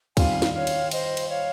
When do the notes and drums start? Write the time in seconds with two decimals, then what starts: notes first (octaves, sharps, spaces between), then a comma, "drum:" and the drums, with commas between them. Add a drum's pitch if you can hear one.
0.17 D#3 G3 C4 F4 F5 G#5, drum: kick, cymbal
0.42 drum: snare
0.54 C#5 F5
0.67 drum: cymbal
0.91 C5 D#5, drum: cymbal
1.17 drum: cymbal
1.29 C#5 F5